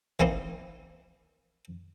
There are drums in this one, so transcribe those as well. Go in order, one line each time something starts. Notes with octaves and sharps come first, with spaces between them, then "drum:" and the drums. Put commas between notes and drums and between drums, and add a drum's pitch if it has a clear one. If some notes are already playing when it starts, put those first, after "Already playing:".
E3 A#3 C4 D#4, drum: kick